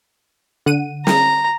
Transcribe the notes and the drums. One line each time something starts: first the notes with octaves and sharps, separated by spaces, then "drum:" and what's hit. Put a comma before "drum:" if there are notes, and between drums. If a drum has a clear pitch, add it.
D3 F#5 D#7
A#5, drum: snare